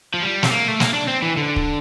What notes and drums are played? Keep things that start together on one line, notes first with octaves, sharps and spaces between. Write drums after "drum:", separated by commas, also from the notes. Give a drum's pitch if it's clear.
F3
G3
C4, drum: snare
A#3
A3
A#3, drum: snare
D4
C4
E3
D3
drum: kick